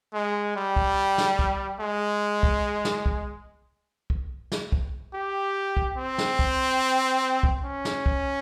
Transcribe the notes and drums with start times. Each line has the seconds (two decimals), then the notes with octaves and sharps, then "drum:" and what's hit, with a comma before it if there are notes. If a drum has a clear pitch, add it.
0.14 G#3
0.56 G3
0.76 drum: kick
1.18 drum: snare
1.39 drum: kick
1.80 G#3
2.43 drum: kick
2.85 drum: snare
3.06 drum: kick
4.10 drum: kick
4.52 drum: snare
4.72 drum: kick
5.14 G4
5.77 drum: kick
5.97 C4
6.18 drum: snare
6.39 drum: kick
7.43 drum: kick
7.64 C#4
7.85 drum: snare
8.06 drum: kick